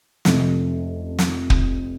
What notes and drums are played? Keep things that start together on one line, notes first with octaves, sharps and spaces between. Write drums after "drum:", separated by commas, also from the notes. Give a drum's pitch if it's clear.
F1 F2 C3, drum: snare
drum: snare
drum: kick